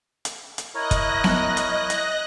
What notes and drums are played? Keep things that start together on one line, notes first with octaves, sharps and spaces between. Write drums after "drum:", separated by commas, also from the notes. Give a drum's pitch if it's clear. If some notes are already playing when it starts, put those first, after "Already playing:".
drum: hi-hat
drum: hi-hat
E4 A#4 C#5 D#5 F#6 A#6
drum: kick, hi-hat
drum: snare B3
drum: hi-hat
drum: hi-hat